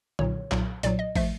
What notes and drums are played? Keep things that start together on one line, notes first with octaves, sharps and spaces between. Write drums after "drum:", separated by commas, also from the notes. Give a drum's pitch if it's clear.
B1 A#2 F#3 C#5, drum: tom D3
B1 A#2 F#3, drum: clap
B1 A#2 F#3 D5, drum: hi-hat
D#5
F3 A3 E5, drum: kick, open hi-hat